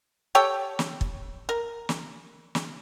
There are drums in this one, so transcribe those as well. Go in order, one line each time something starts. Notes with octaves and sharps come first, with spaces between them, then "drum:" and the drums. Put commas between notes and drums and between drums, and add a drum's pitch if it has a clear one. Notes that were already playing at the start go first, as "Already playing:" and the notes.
G4 A4 C#5 G5
drum: snare
drum: kick
A#4
drum: snare
drum: snare